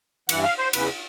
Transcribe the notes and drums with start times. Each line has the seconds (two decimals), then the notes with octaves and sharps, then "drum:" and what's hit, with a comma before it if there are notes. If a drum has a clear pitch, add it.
0.29 G2 E3 F#5, drum: cymbal
0.44 F5
0.58 C5
0.73 E2 C#3 E3 B4, drum: cymbal